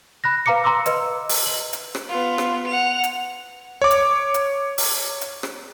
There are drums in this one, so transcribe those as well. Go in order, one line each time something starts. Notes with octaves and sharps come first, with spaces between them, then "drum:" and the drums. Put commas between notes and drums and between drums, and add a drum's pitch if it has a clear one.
B5 F#6 A#6
B4 F5 A#5 D6 C#7
A#5 C6 D6 E6
B4 D#5 E6, drum: hi-hat
drum: open hi-hat
F#7
drum: hi-hat
drum: rim click
B3 F4
drum: rim click
F#5 F7
drum: hi-hat
C#5 D6
drum: hi-hat
drum: hi-hat
drum: open hi-hat
drum: hi-hat
drum: rim click